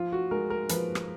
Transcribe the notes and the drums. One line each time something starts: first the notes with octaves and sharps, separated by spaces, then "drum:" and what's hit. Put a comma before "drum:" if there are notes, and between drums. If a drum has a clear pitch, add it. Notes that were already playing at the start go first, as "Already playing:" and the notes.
Already playing: F3 F4
F#4
G#3 A#4
A#4
F3 B4, drum: hi-hat
drum: rim click